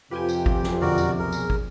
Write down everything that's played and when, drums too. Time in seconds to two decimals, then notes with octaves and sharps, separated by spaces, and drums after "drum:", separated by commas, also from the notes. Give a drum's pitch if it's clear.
0.11 F2 C3 F4 G4 B4 G5 G#5
0.29 drum: tambourine
0.46 drum: kick
0.63 drum: snare
0.81 E2 B2 D3 F#4 A#4 D5
0.98 drum: tambourine
1.19 B1 G#4 A#4
1.32 drum: tambourine
1.50 drum: kick